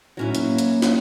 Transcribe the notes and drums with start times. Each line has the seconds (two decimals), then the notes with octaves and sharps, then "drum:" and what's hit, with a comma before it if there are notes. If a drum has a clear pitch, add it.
0.17 A2 F#3 C#4 E4
0.35 A#3, drum: hi-hat
0.58 drum: hi-hat
0.82 drum: snare